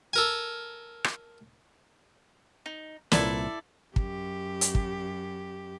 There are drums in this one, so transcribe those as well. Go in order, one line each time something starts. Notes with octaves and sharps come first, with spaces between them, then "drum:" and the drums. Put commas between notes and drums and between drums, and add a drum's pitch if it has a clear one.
A4 A#4 G#5
drum: rim click
D#4
C2 A#2 E4 A4 B4 D5, drum: snare
F#2 G4, drum: kick
drum: hi-hat
drum: kick